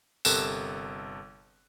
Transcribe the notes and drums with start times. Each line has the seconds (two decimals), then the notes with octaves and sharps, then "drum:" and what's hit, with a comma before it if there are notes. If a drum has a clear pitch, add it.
0.25 G1 C3 A4 A#4 F#6 E7, drum: tambourine